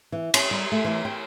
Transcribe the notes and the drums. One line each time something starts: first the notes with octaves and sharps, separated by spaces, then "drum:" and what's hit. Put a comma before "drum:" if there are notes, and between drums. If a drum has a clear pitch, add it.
E3
C#4, drum: cymbal
G3
A3
E3
G5